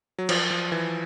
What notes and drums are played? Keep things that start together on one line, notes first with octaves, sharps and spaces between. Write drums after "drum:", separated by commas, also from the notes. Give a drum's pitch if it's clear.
F#3
F3, drum: cymbal
F3
E3